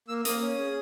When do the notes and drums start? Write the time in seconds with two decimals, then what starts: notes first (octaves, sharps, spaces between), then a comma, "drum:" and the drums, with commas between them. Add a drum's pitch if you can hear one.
0.08 A#3 E6
0.25 A#3 D#6, drum: hi-hat
0.41 C#4
0.58 G#4